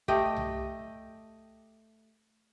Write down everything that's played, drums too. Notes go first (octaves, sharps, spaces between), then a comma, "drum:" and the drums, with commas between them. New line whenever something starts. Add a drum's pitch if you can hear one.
A3 G4 D#5, drum: kick
drum: tom C2